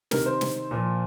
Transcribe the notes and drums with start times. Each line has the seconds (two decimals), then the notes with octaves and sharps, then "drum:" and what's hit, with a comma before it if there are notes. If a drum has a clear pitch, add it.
0.11 C3 D#3 A#4, drum: snare
0.26 C5
0.41 drum: snare
0.71 A#2 F3